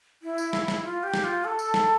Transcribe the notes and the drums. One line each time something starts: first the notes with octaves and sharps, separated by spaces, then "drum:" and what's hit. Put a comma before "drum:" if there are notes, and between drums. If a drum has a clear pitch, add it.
E4
drum: tambourine
drum: snare
drum: snare
F4
G4
drum: snare
F4
A4
drum: tambourine
drum: snare